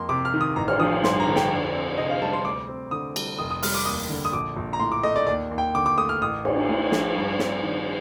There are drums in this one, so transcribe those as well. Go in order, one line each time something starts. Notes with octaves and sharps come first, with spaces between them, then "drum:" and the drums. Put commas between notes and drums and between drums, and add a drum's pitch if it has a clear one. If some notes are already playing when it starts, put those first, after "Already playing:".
Already playing: F2 A#3 C6
C3 D6
F6
D#3
D#6
A1 A#5
F6, drum: cymbal
F3 D#6
G2 C6, drum: snare
A#5
D3
G5, drum: snare
F2
C4
C3 D#5
F5
G3 A5
C6
D2 D6
C4
D3 D#6
G3, drum: cymbal
F1 D#6
D#6
G3 F6, drum: open hi-hat
D6
D#2 D#6
D3
D#6
A#1 D6
A#1
A#5
A2 C6
D6
A3 D#5
D5
D#2 D5
D#2
G5
D3 D6
D6
A3 D#6
F6
A1 D#6
A1, drum: cymbal
A2
F3, drum: snare
G2
C4, drum: snare
D#3